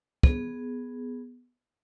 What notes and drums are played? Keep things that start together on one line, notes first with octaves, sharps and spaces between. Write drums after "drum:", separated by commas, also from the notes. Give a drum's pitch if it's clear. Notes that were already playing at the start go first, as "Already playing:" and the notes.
B3 G#4, drum: kick